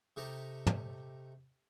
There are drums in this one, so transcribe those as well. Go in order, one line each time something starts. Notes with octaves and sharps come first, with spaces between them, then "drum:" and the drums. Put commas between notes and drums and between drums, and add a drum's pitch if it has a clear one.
C3 A3 D#4 G4 A4 A#5
drum: tom